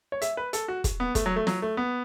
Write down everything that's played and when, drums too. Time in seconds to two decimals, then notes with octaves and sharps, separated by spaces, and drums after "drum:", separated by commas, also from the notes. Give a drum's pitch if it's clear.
0.12 C#5
0.22 E5, drum: hi-hat
0.37 B4
0.53 A4, drum: hi-hat
0.68 F#4
0.84 drum: kick, hi-hat
1.00 B3
1.15 A3, drum: kick, hi-hat
1.26 F#3
1.36 A3
1.47 F#3, drum: snare
1.62 A3
1.77 B3